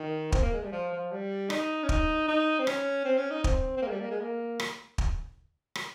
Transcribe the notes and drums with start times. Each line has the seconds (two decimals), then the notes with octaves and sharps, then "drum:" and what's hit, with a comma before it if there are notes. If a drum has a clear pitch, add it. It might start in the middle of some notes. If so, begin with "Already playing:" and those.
Already playing: D#3
0.32 C4, drum: kick
0.42 A#3
0.53 G#3
0.64 G3
0.73 F3
0.93 F3
1.12 G3
1.50 D#4, drum: rim click
1.84 C#4
1.89 D#4, drum: kick
2.28 D#4
2.59 C4
2.67 C#4, drum: rim click
3.05 C4
3.18 C#4
3.31 D#4
3.44 C4, drum: kick
3.77 C4
3.82 A#3
3.87 G#3
3.92 G3
4.01 A#3
4.11 G#3
4.21 A#3
4.60 drum: rim click
4.98 drum: kick
5.75 drum: rim click